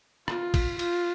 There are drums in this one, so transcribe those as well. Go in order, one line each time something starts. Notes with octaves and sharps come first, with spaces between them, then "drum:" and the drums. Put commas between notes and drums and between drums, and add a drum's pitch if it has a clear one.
F4, drum: rim click
drum: kick, cymbal
F4, drum: cymbal